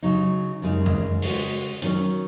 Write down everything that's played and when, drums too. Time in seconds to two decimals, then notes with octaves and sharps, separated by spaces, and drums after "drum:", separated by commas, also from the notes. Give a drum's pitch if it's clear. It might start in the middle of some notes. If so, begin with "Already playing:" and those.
0.03 C#3 F#3 D#4
0.62 F#2 C#3 G#3 D#4
0.86 drum: tom F2
1.22 C#3 G#3 F#4, drum: open hi-hat
1.82 D#3 F#3 C#4, drum: hi-hat